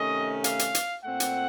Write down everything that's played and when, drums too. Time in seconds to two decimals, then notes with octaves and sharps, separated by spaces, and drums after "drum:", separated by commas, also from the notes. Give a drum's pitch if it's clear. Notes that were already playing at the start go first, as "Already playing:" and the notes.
Already playing: C3 D#3 A3 C#4 D#5
0.44 F5, drum: hi-hat
0.59 drum: hi-hat
0.75 drum: hi-hat
1.04 A#2 A3 C4 F#5
1.20 drum: hi-hat